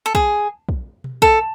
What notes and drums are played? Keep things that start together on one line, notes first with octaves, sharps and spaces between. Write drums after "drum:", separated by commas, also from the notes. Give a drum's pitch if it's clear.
A4
G#4, drum: kick
drum: kick
drum: tom B2
A4, drum: kick